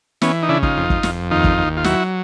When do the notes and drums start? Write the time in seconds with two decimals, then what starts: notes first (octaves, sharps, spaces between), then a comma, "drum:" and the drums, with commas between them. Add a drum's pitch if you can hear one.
0.22 E3 B3 C#4, drum: snare
0.42 D#4
0.49 C#3 D4 E4
0.63 D#4 F4, drum: kick
0.77 F2
0.90 drum: kick
1.03 F2, drum: snare
1.31 D#2 D#4 F4
1.44 drum: kick
1.58 D#2
1.77 F4
1.84 F#3 E4 F#4, drum: snare